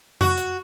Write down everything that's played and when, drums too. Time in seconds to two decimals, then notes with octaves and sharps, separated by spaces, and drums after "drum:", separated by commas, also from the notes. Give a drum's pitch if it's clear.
0.21 F#4, drum: tom F2
0.38 drum: hi-hat